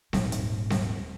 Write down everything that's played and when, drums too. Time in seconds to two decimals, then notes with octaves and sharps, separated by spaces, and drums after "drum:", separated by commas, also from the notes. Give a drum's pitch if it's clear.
0.13 D#1 G#2, drum: snare C4
0.32 drum: hi-hat
0.70 drum: snare C4